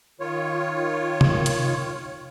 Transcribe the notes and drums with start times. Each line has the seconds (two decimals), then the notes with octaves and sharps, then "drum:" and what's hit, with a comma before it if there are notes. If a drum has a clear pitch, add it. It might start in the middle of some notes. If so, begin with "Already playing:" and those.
0.20 D#3 F4 C#5
1.21 drum: tom C3
1.46 drum: hi-hat